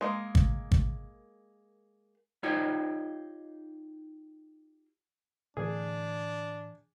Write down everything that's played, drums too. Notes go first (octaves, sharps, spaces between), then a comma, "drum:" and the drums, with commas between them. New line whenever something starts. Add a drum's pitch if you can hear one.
G#3 A#3
drum: kick
drum: kick
D#4 F4 G4 C#5 D#5
A2 D3 E3 D4 G#4